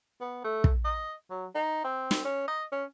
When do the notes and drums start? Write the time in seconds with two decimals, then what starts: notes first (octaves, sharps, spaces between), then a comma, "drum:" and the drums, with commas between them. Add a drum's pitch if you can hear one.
0.20 B3
0.44 A3
0.64 drum: kick
0.85 D#5
1.30 F#3
1.55 D#4
1.84 C4
2.11 drum: snare
2.25 C#4
2.48 D#5
2.72 C#4